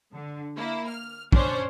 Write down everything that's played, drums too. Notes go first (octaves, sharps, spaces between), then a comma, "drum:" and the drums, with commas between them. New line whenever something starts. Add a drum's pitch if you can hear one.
D3
A#3 E4
F6
C#4 D4 C5 C#5, drum: kick